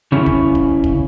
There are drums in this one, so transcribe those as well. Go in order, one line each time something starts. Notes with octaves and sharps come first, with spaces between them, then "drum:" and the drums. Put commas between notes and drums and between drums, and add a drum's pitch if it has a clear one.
C#3 C#4 E4
drum: kick
drum: kick
drum: kick